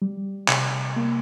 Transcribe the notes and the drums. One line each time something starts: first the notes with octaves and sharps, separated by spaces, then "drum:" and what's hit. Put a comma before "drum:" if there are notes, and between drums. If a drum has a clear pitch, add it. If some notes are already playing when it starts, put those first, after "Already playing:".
G3
C3, drum: clap
A#3